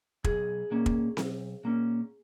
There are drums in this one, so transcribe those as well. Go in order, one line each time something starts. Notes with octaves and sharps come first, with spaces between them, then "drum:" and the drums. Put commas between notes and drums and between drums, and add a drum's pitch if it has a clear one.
B1 G#4, drum: kick
A#2 A#3 C#4
drum: kick
B1, drum: snare C4
A#2 A#3 C#4